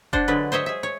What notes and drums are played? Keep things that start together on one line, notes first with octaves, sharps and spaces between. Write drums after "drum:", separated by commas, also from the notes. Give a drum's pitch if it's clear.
D4 C5 F#5, drum: kick F1
D3 F#3 G#3 B4
C5 C#5 D#5 E5
G#4 E5
C#5